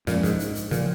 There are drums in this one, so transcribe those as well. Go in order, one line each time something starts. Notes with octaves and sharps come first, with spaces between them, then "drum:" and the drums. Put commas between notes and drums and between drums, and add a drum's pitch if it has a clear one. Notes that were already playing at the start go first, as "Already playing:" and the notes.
F#2 A#2 F3 G#3 C#4, drum: snare
G#2, drum: kick, hi-hat
drum: hi-hat
drum: hi-hat
A#2 C#3 F3, drum: hi-hat